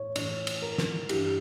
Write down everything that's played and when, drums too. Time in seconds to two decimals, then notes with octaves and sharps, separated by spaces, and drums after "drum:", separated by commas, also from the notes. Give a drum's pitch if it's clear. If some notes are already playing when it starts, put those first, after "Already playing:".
Already playing: A2 C#5
0.16 A2 E3 C#5, drum: cymbal
0.47 drum: cymbal
0.62 A#4
0.78 drum: snare
1.09 G2 E3 G4, drum: cymbal